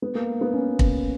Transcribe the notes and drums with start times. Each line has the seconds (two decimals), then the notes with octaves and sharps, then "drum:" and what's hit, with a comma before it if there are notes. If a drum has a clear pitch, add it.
0.02 B3
0.15 A#3
0.41 B3
0.54 C#4
0.79 drum: kick